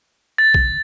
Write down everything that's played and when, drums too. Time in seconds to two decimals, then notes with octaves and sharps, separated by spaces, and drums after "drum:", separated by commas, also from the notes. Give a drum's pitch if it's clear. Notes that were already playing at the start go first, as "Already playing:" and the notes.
0.38 A6
0.54 drum: kick